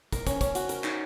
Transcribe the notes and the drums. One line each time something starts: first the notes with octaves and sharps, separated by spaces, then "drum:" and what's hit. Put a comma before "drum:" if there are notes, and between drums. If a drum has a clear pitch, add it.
A#4, drum: kick, hi-hat
C#4, drum: kick, hi-hat
C#4, drum: kick, hi-hat
F#4, drum: hi-hat
A#4, drum: hi-hat
D#4, drum: clap